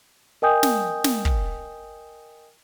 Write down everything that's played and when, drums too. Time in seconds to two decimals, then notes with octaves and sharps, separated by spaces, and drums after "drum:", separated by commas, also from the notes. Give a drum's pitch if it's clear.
0.42 A#4 D#5 G5 G#5 D#6 G6
0.63 drum: snare
1.04 drum: snare
1.25 drum: kick